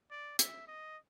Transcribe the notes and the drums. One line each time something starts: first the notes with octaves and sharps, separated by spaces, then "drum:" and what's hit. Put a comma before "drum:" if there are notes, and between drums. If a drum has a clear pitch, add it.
D5
E5, drum: hi-hat
D#5